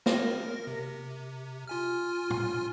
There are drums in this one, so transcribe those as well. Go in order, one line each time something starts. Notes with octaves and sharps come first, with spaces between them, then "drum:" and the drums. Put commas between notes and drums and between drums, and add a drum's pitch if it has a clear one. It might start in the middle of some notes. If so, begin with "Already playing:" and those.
A#4 A#6, drum: snare
C3
F4 G#5 F6
drum: tom